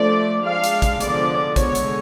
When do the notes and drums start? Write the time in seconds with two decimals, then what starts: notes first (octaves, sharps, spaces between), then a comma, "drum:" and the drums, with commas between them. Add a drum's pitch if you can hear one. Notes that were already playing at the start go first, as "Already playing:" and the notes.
Already playing: F3 A3 D4 D5
0.45 G#3 D4 F5
0.64 drum: hi-hat
0.82 drum: kick, hi-hat
1.00 D3 F3 G#3 B3 D4 D5, drum: hi-hat
1.56 D3 G#3 B3 C#5, drum: kick, hi-hat
1.75 drum: hi-hat